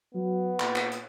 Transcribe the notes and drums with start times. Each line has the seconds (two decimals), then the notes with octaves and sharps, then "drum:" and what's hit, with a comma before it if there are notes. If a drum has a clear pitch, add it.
0.14 F#3 B3
0.60 A#2, drum: clap
0.76 drum: clap
0.92 drum: hi-hat